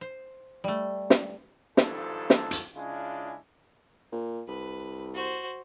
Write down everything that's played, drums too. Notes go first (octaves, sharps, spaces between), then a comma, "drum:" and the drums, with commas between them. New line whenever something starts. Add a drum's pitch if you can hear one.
C5
G3 A3
drum: snare
G#1 G2 F3 D#4 A4, drum: snare
drum: snare
drum: hi-hat
C#3 G#3 C#4 D4 E4 F4
A#2
C2 B4
F#4 C5